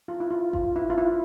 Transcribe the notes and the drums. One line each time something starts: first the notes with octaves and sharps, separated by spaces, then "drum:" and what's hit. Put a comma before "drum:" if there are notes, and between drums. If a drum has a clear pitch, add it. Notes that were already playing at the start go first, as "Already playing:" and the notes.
F4
E4
F4
F4, drum: kick G1
E4
F4
E4